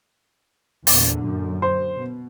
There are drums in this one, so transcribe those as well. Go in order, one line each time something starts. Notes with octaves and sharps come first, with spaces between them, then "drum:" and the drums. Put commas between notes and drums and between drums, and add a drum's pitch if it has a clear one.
E2 A#2 D3, drum: open hi-hat
F#2
C5
B2